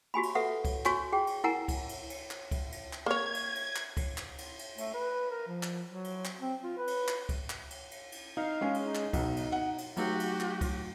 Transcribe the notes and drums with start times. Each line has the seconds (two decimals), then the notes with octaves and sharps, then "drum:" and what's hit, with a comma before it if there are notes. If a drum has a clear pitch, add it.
0.14 F#4 G4 G#5 B5
0.23 drum: cymbal
0.35 A4 B4 E5 F#5
0.65 drum: kick C2, cymbal
0.85 F#4 C#5 G#5 C#6, drum: clap
1.13 G#4 G5
1.27 drum: cymbal
1.44 E4 A#4 F#5 G#5 A#5
1.68 drum: kick C2, cymbal
1.89 drum: cymbal
2.10 drum: cymbal
2.31 drum: clap
2.51 drum: kick C2, cymbal
2.72 drum: cymbal
2.93 drum: clap
3.06 A#3 C#5 G#6
3.34 drum: cymbal
3.55 drum: cymbal
3.76 drum: clap
3.97 drum: kick C2, cymbal
4.18 drum: clap
4.38 drum: cymbal
4.59 drum: cymbal
4.78 A3, drum: cymbal
4.94 B4
5.31 A#4
5.47 F3
5.63 drum: clap
5.90 F#3
6.04 drum: cymbal
6.25 drum: clap
6.41 C4
6.63 F4
6.77 B4
6.87 drum: cymbal
7.08 drum: clap
7.29 drum: kick C2, cymbal
7.50 drum: clap
7.70 drum: cymbal
7.91 drum: cymbal
8.12 drum: cymbal
8.37 D#4 F5
8.61 G#3 C#4 G#4
8.74 drum: cymbal
8.86 D#4
8.95 drum: clap
9.13 B1, drum: kick C2, cymbal
9.37 drum: cymbal
9.52 F#5
9.78 drum: cymbal
9.97 F#3 A3 D#4 F#4 G4, drum: cymbal
10.20 drum: cymbal
10.40 drum: clap
10.61 drum: kick C2, cymbal